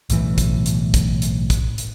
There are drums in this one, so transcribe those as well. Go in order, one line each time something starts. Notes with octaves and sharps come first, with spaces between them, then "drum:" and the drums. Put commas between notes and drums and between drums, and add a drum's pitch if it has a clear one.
B1 A2 E3, drum: hi-hat
drum: kick, hi-hat
drum: hi-hat
drum: kick, hi-hat
drum: hi-hat
drum: kick, hi-hat
drum: hi-hat